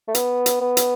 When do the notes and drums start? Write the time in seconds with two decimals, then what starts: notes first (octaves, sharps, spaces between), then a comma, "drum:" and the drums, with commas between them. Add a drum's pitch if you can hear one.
0.08 A3
0.15 B3, drum: hi-hat
0.46 drum: hi-hat
0.61 B3
0.77 drum: hi-hat